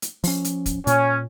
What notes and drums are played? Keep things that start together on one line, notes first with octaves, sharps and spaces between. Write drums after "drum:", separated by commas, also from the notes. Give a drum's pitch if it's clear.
drum: hi-hat
F3 C#4, drum: open hi-hat
drum: hi-hat
drum: kick, hi-hat
A#2 C#4, drum: hi-hat